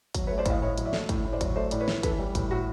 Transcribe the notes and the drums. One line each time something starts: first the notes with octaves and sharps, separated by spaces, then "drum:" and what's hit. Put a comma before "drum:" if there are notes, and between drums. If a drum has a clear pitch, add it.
F#3, drum: kick, hi-hat
B4 C#5
A3
C5 D5
A2 D#5 F5, drum: kick, hi-hat
A2 C#5 D#5
F#3, drum: hi-hat
D5 E5
A3, drum: snare
A2, drum: kick, hi-hat
A2
C5 D5
F#3, drum: kick, hi-hat
A3 C5 D5
A2 D5, drum: hi-hat
B4 C#5
A2, drum: snare
E3 A4 B4, drum: kick, hi-hat
G3
A2, drum: kick, hi-hat
A2 F#4